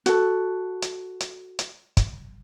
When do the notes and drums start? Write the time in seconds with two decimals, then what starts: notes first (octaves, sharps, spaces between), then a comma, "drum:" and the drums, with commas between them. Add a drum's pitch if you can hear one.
0.06 F#4 A4, drum: hi-hat
0.82 drum: hi-hat
1.20 drum: hi-hat
1.59 drum: hi-hat
1.97 drum: kick, hi-hat